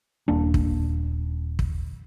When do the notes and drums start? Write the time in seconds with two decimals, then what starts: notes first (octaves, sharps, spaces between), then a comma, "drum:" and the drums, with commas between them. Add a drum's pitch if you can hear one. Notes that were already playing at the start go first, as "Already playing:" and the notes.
0.28 D#1 A#3 D4
0.54 drum: kick
1.59 drum: kick